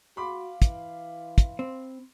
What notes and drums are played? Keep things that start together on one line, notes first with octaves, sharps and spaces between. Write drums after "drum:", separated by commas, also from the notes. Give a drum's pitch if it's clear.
F#4 F5 B5 C6 D6
E3, drum: kick, hi-hat
drum: kick, hi-hat
C4